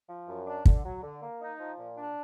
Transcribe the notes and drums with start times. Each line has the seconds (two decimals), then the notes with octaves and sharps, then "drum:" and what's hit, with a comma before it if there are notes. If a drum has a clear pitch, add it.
0.09 F3
0.28 F#2
0.47 D4
0.65 D3, drum: kick
0.85 F#3
1.03 D3
1.22 A#3
1.41 D#4
1.60 F3
1.79 A#2
1.98 D4